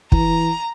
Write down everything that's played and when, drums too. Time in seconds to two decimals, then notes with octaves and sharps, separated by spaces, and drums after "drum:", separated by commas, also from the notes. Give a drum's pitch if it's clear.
0.12 E3 A#5, drum: kick